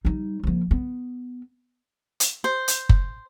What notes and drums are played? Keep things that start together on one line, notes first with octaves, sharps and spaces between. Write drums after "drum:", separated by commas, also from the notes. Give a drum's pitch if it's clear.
G3 D#4
F3 A#3
B3
drum: hi-hat
C5
drum: hi-hat
drum: kick F#1